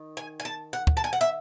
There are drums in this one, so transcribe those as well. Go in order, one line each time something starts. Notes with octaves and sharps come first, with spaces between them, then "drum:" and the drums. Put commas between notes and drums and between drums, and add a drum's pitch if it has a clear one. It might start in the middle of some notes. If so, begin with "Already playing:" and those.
Already playing: D#3
G#5
G#5
A5
F#5
drum: kick
A5
G#5
F#5
E5